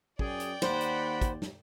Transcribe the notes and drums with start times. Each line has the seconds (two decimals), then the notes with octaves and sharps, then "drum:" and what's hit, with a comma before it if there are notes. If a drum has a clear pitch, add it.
0.19 F#2 G#4 D5 G5, drum: kick
0.40 drum: hi-hat
0.62 D#2 C5 F#5 B5, drum: snare
0.81 drum: hi-hat
1.21 drum: kick, hi-hat
1.42 drum: snare